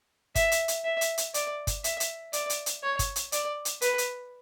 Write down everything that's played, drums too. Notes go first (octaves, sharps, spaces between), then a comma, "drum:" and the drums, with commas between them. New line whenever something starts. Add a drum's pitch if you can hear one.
E5, drum: kick, hi-hat
drum: hi-hat
drum: hi-hat
E5
drum: hi-hat
drum: hi-hat
D5, drum: hi-hat
drum: kick, hi-hat
E5, drum: hi-hat
drum: hi-hat
D5, drum: hi-hat
drum: hi-hat
drum: hi-hat
C#5
drum: kick, hi-hat
drum: hi-hat
D5, drum: hi-hat
drum: hi-hat
B4, drum: hi-hat
drum: hi-hat